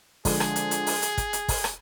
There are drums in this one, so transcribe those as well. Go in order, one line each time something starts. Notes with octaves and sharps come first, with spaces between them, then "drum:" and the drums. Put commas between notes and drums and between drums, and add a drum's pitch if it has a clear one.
D3 F3 G#3 D4 G#4, drum: kick, open hi-hat
drum: rim click
drum: hi-hat
drum: hi-hat
drum: open hi-hat
drum: hi-hat
drum: kick, hi-hat
drum: hi-hat
drum: kick, open hi-hat
drum: rim click